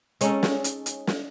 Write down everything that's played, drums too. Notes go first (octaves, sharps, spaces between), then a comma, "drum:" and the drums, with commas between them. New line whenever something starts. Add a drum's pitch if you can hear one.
G#3 C#4 D#4 A4, drum: hi-hat
drum: snare
drum: hi-hat
drum: hi-hat
drum: snare